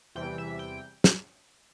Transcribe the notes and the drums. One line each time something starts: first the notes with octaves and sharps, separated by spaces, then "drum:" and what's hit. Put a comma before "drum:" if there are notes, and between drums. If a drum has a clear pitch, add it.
E2 C3 E3 G3 G5
E5
G5
drum: snare